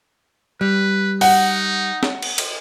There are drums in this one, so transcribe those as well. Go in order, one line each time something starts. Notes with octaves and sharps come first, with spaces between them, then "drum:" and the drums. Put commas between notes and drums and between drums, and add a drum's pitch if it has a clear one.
G3 B4
D#4 F#5, drum: open hi-hat
drum: snare
drum: cymbal
drum: cymbal